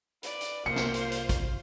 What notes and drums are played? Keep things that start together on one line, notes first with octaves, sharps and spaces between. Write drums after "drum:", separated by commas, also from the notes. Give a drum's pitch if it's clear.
B4 D5, drum: hi-hat
drum: hi-hat
C2 A#3 F4 C5 C#7
drum: snare
drum: hi-hat
drum: hi-hat
drum: kick, hi-hat